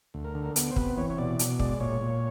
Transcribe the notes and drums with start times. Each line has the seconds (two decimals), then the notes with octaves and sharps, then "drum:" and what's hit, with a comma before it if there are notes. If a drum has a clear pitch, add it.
0.14 D2
0.24 A#4
0.35 D3
0.56 B3, drum: hi-hat
0.71 C5
0.76 C3 B4, drum: kick
0.97 E3 C#5
1.10 C#5
1.18 B2 D5
1.39 B2, drum: hi-hat
1.60 G#3 D5, drum: kick
1.80 A#2 C#5
2.01 A#2